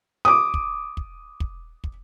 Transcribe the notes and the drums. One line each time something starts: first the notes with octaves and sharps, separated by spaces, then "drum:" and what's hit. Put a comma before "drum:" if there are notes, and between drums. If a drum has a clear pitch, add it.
D6 D#6
drum: kick
drum: kick
drum: kick
drum: kick